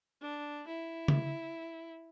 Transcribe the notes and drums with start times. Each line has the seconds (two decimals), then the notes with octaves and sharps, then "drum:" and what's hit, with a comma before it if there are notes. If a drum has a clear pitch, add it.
0.22 D4
0.67 E4
1.08 drum: tom C#3